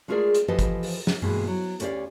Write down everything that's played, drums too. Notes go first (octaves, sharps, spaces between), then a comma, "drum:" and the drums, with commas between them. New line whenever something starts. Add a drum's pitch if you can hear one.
G#3 A3 F4 G#4 A#4 D5
drum: hi-hat
E3 F3 G4 A4 B4 D#5
drum: kick, hi-hat
drum: open hi-hat
drum: snare
G2 B2 E3 G#3 A#3
F#3
D2 C#4 G4 A4 D5 F5, drum: hi-hat